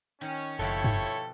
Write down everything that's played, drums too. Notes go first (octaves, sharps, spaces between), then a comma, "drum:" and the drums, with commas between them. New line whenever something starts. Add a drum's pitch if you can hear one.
D#3 C#4
F#1 B2 F3 E4 F4 G4 A4 C#5
drum: tom G2